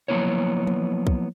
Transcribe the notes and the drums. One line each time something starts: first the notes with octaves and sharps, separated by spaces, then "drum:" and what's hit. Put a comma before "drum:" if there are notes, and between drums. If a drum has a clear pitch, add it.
F3 F#3 A#3 B3 E4 C#5
drum: tom E3
drum: kick